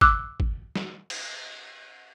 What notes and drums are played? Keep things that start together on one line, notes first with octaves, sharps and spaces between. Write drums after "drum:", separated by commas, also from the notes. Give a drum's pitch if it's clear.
D6 E6 F#6, drum: kick
drum: kick
drum: snare
drum: cymbal